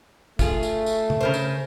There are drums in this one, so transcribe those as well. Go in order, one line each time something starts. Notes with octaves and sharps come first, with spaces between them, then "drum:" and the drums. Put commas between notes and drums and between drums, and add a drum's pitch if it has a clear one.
A3 F4 G#4, drum: kick, tambourine
drum: tambourine
drum: tambourine
drum: tom C3
C#3 A#4 C5
drum: tambourine